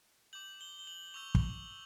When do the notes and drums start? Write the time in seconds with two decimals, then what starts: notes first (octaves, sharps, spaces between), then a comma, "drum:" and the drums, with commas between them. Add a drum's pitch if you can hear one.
0.33 D6 G6 F#7
0.61 G7
0.79 G7
0.87 F#7
1.14 C#6 E6 G6 F7
1.35 drum: kick